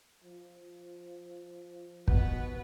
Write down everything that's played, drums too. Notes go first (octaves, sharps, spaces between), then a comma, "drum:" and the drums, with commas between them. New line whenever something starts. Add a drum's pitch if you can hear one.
F3
D#2 B2 B3 B4 F#5, drum: kick